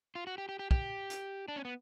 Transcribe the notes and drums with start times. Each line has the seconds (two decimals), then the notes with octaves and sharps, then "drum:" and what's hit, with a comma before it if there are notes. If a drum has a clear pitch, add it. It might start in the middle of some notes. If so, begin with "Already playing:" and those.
0.15 F4
0.27 F#4
0.38 G4
0.49 G4
0.59 G4
0.71 G4, drum: kick
1.10 drum: hi-hat
1.48 D4
1.56 C#4
1.65 B3